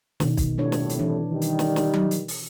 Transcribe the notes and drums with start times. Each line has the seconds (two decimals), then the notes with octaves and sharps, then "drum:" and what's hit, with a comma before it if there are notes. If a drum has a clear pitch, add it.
0.20 B2 D#3, drum: snare
0.37 drum: kick B1, hi-hat
0.58 C2 F2 A2 B3 D4 C#5
0.72 drum: snare
0.89 drum: hi-hat
0.99 E3 D4
1.32 D#3 G3
1.41 drum: hi-hat
1.59 drum: snare
1.76 drum: snare
1.94 drum: tom F#3
2.11 drum: hi-hat
2.28 drum: open hi-hat